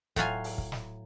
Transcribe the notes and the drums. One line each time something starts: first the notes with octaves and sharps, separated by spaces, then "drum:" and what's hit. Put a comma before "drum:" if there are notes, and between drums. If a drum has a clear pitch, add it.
A2 F#3 F4 G#5, drum: kick, hi-hat
drum: open hi-hat
drum: kick
drum: snare